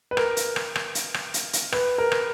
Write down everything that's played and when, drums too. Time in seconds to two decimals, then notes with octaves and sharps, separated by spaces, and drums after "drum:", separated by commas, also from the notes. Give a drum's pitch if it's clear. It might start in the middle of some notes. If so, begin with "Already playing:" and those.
0.11 B4
0.17 A#4, drum: rim click
0.37 drum: hi-hat
0.56 drum: rim click
0.76 drum: rim click
0.95 drum: hi-hat
1.14 drum: rim click
1.34 drum: hi-hat
1.53 drum: hi-hat
1.72 B4, drum: rim click
1.98 A#4
2.12 drum: rim click